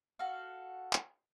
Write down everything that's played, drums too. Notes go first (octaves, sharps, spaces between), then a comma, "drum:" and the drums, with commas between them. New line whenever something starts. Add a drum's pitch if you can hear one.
F#4 A4 F5
drum: clap